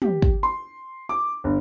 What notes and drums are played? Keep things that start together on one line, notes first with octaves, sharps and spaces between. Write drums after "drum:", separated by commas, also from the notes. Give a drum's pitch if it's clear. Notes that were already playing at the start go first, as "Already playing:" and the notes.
G4, drum: tom
drum: kick
C6
D6
G1